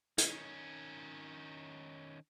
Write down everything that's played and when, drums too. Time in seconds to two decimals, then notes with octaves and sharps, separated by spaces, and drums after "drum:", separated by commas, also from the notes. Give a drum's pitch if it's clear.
0.18 D#3 C#4, drum: hi-hat